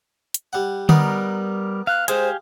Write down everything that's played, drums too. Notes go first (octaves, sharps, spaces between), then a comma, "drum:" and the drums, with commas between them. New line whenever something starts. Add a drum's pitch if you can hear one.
drum: hi-hat
G3 F#5
G3 B3 D#4 A#4 B4, drum: tom D3
F5 F#6
G#3 G4 C5 F5 G#5, drum: hi-hat